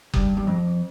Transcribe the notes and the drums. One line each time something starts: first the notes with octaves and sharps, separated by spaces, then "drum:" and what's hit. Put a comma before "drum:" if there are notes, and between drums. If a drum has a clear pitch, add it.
G2, drum: kick F#1
G2
F2